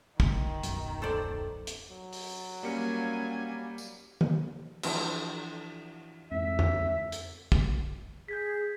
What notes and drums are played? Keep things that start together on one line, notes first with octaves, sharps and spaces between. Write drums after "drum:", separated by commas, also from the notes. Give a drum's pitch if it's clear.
D#3, drum: kick
D1 B1 F#2, drum: hi-hat
A4 C5 D5
drum: hi-hat
F#3
drum: open hi-hat
G3 A#3 C#4 F5 G#5 C#7
drum: tambourine
drum: tom
E3 F3 D4, drum: cymbal
F2 G#2 E3 C4 E5
drum: tom E2
drum: hi-hat
drum: kick
G#4 G6 G#6 B6